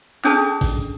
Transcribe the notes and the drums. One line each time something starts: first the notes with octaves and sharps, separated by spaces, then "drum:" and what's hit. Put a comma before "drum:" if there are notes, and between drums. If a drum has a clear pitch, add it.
C#4 D4 G#4 A4 A5, drum: clap
drum: kick G#1, open hi-hat